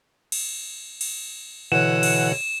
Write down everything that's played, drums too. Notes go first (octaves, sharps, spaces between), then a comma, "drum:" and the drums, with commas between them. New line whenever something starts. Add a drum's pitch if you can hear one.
drum: cymbal
drum: cymbal
B2 D3 E3 C#5 F#5 E7
drum: cymbal